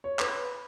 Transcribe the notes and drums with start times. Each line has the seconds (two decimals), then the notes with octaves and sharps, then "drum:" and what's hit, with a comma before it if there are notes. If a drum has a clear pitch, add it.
0.04 C#5
0.19 B4, drum: clap